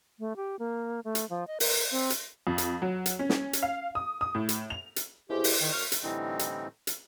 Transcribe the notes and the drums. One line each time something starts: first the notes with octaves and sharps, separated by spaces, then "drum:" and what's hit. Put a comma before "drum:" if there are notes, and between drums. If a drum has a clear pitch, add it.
A3
G4
A#3
A3
drum: hi-hat
F3
D#5
A#4, drum: open hi-hat
C4
drum: hi-hat
F2
drum: hi-hat
F#3
drum: hi-hat
C#4
drum: snare
drum: hi-hat
F5
D#6
D#6
A2
drum: hi-hat
F7
drum: hi-hat
C2 B2 E4 G4 G#4 C5
drum: open hi-hat
D#3
F#2 C#6 F6
drum: hi-hat
A2 D3 E3 G3 C4 D#4
drum: hi-hat
drum: hi-hat